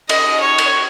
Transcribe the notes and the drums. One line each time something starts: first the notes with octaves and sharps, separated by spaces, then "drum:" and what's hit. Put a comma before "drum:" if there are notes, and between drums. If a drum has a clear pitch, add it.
D#5, drum: cymbal
C#5
drum: cymbal